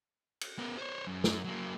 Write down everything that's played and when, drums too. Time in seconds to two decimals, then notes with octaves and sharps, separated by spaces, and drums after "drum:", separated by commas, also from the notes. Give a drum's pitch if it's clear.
0.41 drum: cymbal
0.59 B3 A#4
0.78 C5 C#5
1.07 F#2
1.24 drum: snare
1.45 F#3 A#3